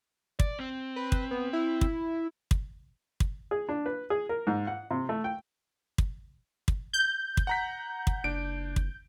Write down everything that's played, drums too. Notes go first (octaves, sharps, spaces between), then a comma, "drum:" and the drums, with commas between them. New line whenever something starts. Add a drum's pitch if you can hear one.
D5, drum: kick
C4
B4
drum: kick
B3
E4
drum: kick
drum: kick
drum: kick
G#4
D4
B4
G#4
A#4
G#2
F#5
C3
A3
G5
drum: kick
drum: kick
G6
drum: kick
F#5 A#5 B6
drum: kick
F#1 D4 D7
drum: kick